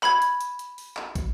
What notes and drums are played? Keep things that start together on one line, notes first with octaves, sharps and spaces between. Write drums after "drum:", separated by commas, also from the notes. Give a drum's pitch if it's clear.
B5 G#6, drum: clap
drum: hi-hat
drum: hi-hat
drum: hi-hat
drum: open hi-hat
drum: clap
drum: kick, hi-hat